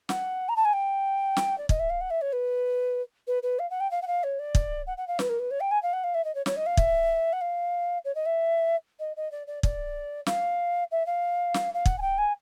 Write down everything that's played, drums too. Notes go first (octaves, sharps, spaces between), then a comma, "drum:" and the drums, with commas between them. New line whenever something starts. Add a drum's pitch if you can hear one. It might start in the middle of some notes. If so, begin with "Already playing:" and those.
F#5, drum: snare
A#5
A5
G#5
G5
drum: snare
D5
D#5, drum: kick
E5
F5
F#5
E5
C#5
B4
B4
B4
F5
F#5
G5
F5
F#5
F5
C#5
D5
drum: kick
F#5
F#5
F5
B4, drum: snare
A#4
B4
C#5
G5
G#5
F5
F#5
F5
E5
D#5
C#5
C#5, drum: snare
D#5
F5
E5, drum: kick
F#5
F5
C#5
D#5
E5
D#5
D#5
D5
D5
D5, drum: kick
F5, drum: snare
E5
F5
drum: snare
F5
F#5, drum: kick
G#5
G5
G#5